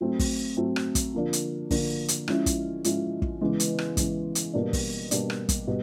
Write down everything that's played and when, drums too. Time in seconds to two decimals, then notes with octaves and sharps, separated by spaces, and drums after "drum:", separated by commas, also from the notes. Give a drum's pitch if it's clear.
0.01 F#3 A3 C4
0.19 drum: kick, open hi-hat
0.57 F#3 A3 C4
0.76 drum: rim click
0.95 drum: kick, hi-hat
1.14 D3 F3 A#3 D4
1.33 drum: hi-hat
1.71 D3 F3 A#3 D4, drum: kick, open hi-hat
2.08 drum: hi-hat
2.28 F3 G#3 C#4 E4, drum: rim click
2.46 drum: kick, hi-hat
2.84 F3 G#3 C#4 E4, drum: hi-hat
3.22 drum: kick
3.41 C#3 E3 G#3 B3
3.60 drum: hi-hat
3.79 drum: rim click
3.97 C#3 E3 G#3 B3, drum: kick, hi-hat
4.35 drum: hi-hat
4.54 B2 G3 A#3 D4
4.73 drum: kick, open hi-hat
5.11 B2 G3 A#3 D4, drum: hi-hat
5.30 drum: rim click
5.49 drum: kick, hi-hat
5.67 B2 G3